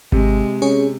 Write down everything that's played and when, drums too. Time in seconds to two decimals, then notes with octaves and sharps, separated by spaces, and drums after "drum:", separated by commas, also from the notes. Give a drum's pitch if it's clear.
0.12 C3 G#3, drum: kick G#1
0.62 C#4 G#4 C#5